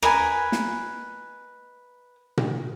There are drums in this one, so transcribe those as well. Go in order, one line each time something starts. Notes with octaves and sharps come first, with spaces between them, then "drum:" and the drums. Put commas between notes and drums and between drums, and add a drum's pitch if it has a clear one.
A#4 B4 D#5 G#5, drum: rim click
drum: snare
drum: tom A#2